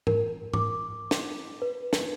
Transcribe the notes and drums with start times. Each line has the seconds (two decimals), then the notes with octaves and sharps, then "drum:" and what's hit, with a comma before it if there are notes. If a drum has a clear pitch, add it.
0.07 A#4, drum: tom G#2
0.54 D6, drum: tom G#2
1.11 drum: snare
1.62 B4
1.93 drum: snare